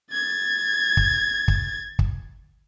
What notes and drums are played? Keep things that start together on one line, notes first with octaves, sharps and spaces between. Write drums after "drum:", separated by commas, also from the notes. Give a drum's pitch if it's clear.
G#6 A6
drum: kick
drum: kick
drum: kick